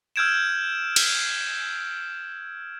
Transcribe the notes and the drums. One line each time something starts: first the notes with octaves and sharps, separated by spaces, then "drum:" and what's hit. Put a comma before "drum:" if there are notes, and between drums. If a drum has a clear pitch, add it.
E6 F6 G6 G#6 D7 E7
drum: cymbal